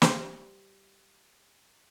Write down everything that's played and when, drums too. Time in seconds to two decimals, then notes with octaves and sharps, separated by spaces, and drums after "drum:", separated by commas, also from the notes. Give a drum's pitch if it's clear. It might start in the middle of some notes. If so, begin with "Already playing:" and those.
0.02 G3 C5 F5, drum: snare